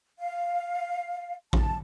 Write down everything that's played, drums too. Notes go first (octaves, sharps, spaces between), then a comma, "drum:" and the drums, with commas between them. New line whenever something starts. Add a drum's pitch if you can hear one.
F5
A5, drum: kick A1